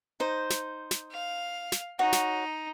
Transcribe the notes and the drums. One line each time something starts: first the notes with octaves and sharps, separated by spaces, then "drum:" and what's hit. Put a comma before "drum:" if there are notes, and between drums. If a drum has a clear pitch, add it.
D#4 C5
drum: snare
drum: snare
F5
drum: snare
D#4 F#4 C#5
drum: snare